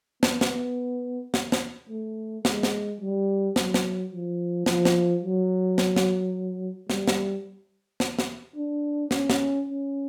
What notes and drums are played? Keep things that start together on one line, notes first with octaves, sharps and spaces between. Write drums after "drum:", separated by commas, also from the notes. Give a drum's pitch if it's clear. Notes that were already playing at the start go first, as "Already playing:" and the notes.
B3, drum: snare
drum: snare
drum: snare
drum: snare
A3
G#3, drum: snare
drum: snare
G3
F#3, drum: snare
drum: snare
F3
F3, drum: snare
drum: snare
F#3
drum: snare
drum: snare
G3, drum: snare
drum: snare
drum: snare
drum: snare
D4
C#4, drum: snare
drum: snare
C#4